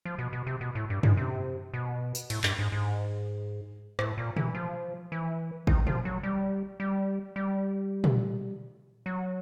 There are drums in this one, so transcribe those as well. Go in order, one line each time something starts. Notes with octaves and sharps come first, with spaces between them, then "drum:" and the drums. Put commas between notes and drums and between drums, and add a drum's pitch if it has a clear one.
F3
B2
B2
C3
B2
A2
G2
G#2, drum: tom F#2
C3
B2
drum: tambourine
A2, drum: cymbal
G2, drum: clap
G#2
G#2
A2, drum: rim click
A#2
E3, drum: tom A#2
F3
E3
D#3, drum: kick G#1
F3, drum: tom A#2
F#3
G3
G3
G3
drum: tom A#2
F#3